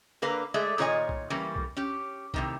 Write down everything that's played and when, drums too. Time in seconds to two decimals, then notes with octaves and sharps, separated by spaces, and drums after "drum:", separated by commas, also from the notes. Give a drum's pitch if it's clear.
0.22 D3 A#3 A#4 B4 F5
0.54 G#3 A3 G#4 D5 E5
0.78 A#2 D#3 F4 C#5 D#5 G#5
1.09 drum: kick B1
1.30 E3 G3 A3 A#3 C#4
1.56 drum: kick B1
1.77 C#4 G4
2.34 A2 C3 D#3, drum: kick B1